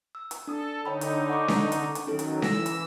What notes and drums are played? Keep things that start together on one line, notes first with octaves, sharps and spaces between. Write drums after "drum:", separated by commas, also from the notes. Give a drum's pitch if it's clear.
E6
drum: hi-hat
D4 A4 D#6
D3 D#4 C#5 G5 B5
drum: hi-hat
F#5 C#6 D6
drum: snare C#4
drum: hi-hat
drum: hi-hat
D#3 F#3 C#4 D#4 A4
drum: hi-hat
E3 E6 A#6, drum: snare C#4
drum: hi-hat